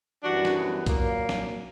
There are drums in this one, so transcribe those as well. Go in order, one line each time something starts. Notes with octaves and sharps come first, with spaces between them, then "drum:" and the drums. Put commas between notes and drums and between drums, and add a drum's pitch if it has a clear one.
F#2 E3 G3 D4 F#4
drum: snare
B3
A#2 F#3 A#3, drum: kick A#1, hi-hat
drum: snare